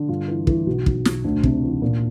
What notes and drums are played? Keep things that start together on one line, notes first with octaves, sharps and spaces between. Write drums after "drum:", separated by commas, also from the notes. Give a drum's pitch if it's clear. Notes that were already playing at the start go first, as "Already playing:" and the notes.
Already playing: D3
G2 F4
E3
E3, drum: kick
B1 F#4
B1, drum: kick
B1, drum: snare
D2 D4
C3, drum: kick
E3
A#2